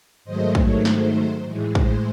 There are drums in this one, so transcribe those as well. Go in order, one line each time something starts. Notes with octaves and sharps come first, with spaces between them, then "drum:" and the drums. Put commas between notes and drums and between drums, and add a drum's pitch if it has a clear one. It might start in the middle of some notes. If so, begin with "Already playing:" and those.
G#2 D#3 F#3 A3 C5 D#5
C#5, drum: kick
C5, drum: snare
A2 E3 G#3
C5, drum: kick